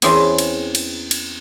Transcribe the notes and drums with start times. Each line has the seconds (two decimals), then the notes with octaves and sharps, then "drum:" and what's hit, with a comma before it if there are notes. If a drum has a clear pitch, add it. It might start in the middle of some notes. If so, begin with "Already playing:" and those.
0.02 E2 E3 C4 C#4 G#4 G#5, drum: cymbal
0.38 drum: cymbal
0.75 drum: cymbal
1.11 drum: cymbal